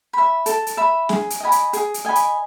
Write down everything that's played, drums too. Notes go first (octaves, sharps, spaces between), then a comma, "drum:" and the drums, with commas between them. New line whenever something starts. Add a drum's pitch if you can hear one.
E5 B5
A4, drum: hi-hat
drum: hi-hat
E5 B5
G#4, drum: snare
drum: hi-hat
D#5 G#5 B5
drum: hi-hat
G#4, drum: hi-hat
drum: hi-hat
D#5 G#5 B5
drum: hi-hat